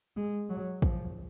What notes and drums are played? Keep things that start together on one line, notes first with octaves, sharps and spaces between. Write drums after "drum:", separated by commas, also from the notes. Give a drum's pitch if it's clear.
G#3
F#3
F3, drum: kick